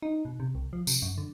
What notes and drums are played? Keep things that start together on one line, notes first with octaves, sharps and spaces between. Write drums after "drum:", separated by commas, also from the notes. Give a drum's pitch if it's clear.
D#4
B2
C3
C2
F3
C3, drum: tambourine
F#2
D3